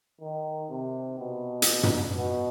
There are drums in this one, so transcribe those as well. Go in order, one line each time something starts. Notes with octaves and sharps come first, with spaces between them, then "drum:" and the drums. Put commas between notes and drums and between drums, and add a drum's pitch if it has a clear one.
D#3
C3
B2
drum: hi-hat
drum: tom
B2